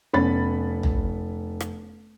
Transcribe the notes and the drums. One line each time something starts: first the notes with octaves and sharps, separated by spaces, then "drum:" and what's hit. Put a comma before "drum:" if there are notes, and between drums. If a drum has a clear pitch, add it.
F1 B3 C#4 B5 A6
drum: tom
drum: rim click